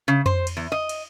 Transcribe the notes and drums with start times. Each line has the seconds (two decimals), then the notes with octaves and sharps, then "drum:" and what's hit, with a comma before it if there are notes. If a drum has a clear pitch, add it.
0.08 C#3
0.26 C5, drum: tom F2
0.47 drum: cymbal
0.57 E2
0.72 D#5
0.89 drum: cymbal